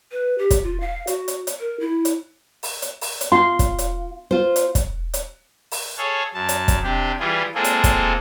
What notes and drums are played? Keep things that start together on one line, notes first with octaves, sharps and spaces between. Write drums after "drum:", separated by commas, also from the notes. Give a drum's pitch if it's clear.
B4
G4
drum: kick, hi-hat
F4
F5
F#4, drum: hi-hat
drum: hi-hat
drum: hi-hat
A#4
E4
drum: hi-hat
drum: open hi-hat
drum: hi-hat
drum: open hi-hat
drum: hi-hat
F4 C6
drum: kick, hi-hat
drum: hi-hat
F4 C5
drum: hi-hat
drum: kick, hi-hat
drum: hi-hat
drum: open hi-hat
G#4 A4 C#5 F5
F#2 A5
drum: hi-hat
drum: kick, hi-hat
C3 D4 G4
E3 G3 F4 G#4
G#3 A#3 C4 F4 G#4 A4
drum: hi-hat
drum: kick, hi-hat